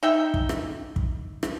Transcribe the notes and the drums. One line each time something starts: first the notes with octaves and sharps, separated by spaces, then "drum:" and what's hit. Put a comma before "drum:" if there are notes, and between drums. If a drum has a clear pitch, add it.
D#4 E5 G5
drum: kick
drum: rim click
drum: kick
drum: rim click